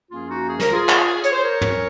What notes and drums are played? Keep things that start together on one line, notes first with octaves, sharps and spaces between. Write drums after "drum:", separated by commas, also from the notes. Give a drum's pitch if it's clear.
F#2 F3 A#3 C#4 F4 G#4
D#4 F#4
G#4
A#4, drum: snare
F4 G#4
drum: clap
C#5, drum: hi-hat
C5
A#4 C#5
A#2 F#3 C#4, drum: tom